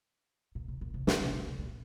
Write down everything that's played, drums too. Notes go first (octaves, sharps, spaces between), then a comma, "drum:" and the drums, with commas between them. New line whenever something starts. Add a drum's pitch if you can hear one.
A#2
C3
A#2
C3
A#2, drum: snare
C3
A#2
C3
A#2